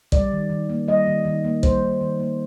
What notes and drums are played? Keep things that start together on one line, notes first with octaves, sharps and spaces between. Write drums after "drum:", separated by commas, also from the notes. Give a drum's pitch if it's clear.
G3 D5, drum: kick
D#3
D#3
A#3
G3 D#5
D#3
D#3
A#3
G3 C5, drum: kick
D#3
D#3
A#3